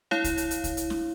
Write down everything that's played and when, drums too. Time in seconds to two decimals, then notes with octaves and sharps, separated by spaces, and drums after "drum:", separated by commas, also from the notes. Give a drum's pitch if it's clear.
0.11 E4 C#5 F5, drum: snare
0.24 drum: kick C2, hi-hat
0.38 drum: hi-hat
0.51 drum: hi-hat
0.64 drum: kick C2, hi-hat
0.77 drum: hi-hat
0.90 drum: snare